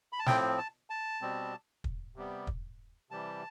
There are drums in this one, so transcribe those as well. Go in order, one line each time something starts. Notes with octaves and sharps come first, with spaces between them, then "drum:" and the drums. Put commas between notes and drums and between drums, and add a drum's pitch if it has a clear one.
B5
A5
A2 F3 C4 G5, drum: snare
A5
A5
B2 G3 C4
drum: kick
C3 G3 B3
drum: kick
C3 E3 G3 A5